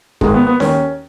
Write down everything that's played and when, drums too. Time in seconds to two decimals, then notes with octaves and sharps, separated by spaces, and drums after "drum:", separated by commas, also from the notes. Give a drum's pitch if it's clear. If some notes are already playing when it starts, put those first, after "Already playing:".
0.21 G#1 G#2 D#3 G#3, drum: kick
0.34 B3
0.47 B3
0.60 D#2 D#3 C#4, drum: snare C#4